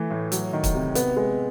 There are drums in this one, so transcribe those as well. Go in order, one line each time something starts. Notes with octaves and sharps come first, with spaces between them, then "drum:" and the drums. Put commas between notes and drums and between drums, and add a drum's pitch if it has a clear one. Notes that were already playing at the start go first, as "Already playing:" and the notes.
Already playing: E3 A3
A2
F#3, drum: hi-hat
D#3
drum: kick, hi-hat
C3
B3, drum: hi-hat
G#3